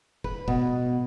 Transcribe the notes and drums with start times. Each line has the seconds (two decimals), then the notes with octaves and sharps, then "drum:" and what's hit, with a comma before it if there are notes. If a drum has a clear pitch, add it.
0.24 B4, drum: kick
0.48 B2, drum: kick